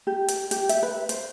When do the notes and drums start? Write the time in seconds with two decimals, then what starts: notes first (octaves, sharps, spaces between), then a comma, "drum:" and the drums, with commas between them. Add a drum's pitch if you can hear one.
0.07 G4
0.28 drum: hi-hat
0.51 G4, drum: hi-hat
0.69 E5, drum: hi-hat
0.83 B4
1.09 C5, drum: hi-hat